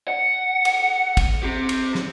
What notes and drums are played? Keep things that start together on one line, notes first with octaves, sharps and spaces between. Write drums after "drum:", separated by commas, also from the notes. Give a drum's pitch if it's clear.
F#5
drum: cymbal
drum: kick, cymbal
C4 G4
drum: cymbal
drum: snare